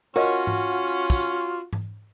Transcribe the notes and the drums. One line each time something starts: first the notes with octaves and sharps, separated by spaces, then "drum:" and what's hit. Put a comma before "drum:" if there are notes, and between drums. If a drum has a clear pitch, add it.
C#4 F4 F#4 A#4 C#5 D#5
drum: tom G#2
drum: kick, tambourine
drum: tom G#2